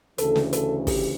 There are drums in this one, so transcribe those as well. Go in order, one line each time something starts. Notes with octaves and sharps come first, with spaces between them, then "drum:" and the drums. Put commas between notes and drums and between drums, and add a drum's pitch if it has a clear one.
D2 C#3 E3 A4, drum: hi-hat
drum: snare
A4, drum: hi-hat
G4, drum: kick, open hi-hat